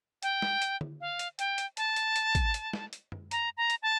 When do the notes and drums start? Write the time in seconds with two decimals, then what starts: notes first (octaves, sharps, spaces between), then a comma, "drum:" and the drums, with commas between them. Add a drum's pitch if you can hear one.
0.23 G5, drum: hi-hat
0.42 drum: snare
0.62 drum: hi-hat
0.81 drum: tom D3
1.01 F5
1.19 drum: hi-hat
1.39 G5, drum: hi-hat
1.58 drum: hi-hat
1.77 A5, drum: hi-hat
1.96 drum: hi-hat
2.16 drum: hi-hat
2.35 drum: kick, hi-hat
2.54 drum: hi-hat
2.73 drum: snare
2.93 drum: hi-hat
3.12 drum: tom F#2
3.31 A#5, drum: hi-hat
3.57 A#5
3.70 drum: hi-hat
3.82 A5